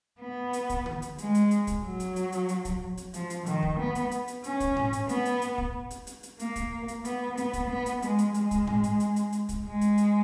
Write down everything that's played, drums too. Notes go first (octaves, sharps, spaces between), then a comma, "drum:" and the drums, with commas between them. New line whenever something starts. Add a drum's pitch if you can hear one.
B3
drum: hi-hat
drum: kick, hi-hat
drum: tom D3
drum: hi-hat
G#3, drum: hi-hat
drum: hi-hat
drum: hi-hat
drum: kick, hi-hat
F#3
drum: hi-hat
drum: hi-hat
drum: hi-hat
drum: hi-hat
drum: kick, hi-hat
drum: hi-hat
F3, drum: hi-hat
drum: hi-hat
D#3, drum: hi-hat
drum: kick
B3
drum: hi-hat
drum: hi-hat
drum: hi-hat
C#4, drum: hi-hat
drum: kick, hi-hat
drum: tom G#2
drum: hi-hat
B3, drum: hi-hat
drum: hi-hat
drum: hi-hat
drum: kick
drum: hi-hat
drum: hi-hat
drum: hi-hat
A#3, drum: hi-hat
drum: kick, hi-hat
drum: hi-hat
B3, drum: hi-hat
B3, drum: hi-hat
drum: kick, hi-hat
B3
drum: hi-hat
G#3, drum: hi-hat
drum: hi-hat
G#3, drum: hi-hat
drum: kick, hi-hat
drum: tom G#2
drum: hi-hat
drum: hi-hat
drum: hi-hat
drum: hi-hat
drum: kick, hi-hat
G#3
drum: hi-hat
drum: hi-hat